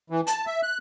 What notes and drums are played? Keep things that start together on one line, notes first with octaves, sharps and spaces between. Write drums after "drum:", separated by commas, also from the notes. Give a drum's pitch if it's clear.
E3
A5, drum: hi-hat
E5
F#6